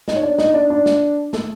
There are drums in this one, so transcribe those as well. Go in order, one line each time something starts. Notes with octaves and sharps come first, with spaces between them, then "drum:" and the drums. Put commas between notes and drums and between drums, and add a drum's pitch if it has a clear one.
D#4 D#5, drum: snare
C#5
D4 D5
D#4 D#5, drum: snare
D4 D5
D4 D5
drum: snare
A3 A4, drum: snare